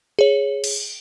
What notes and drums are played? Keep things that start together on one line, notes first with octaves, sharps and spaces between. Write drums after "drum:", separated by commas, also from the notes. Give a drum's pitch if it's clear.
G#4 C#5
drum: cymbal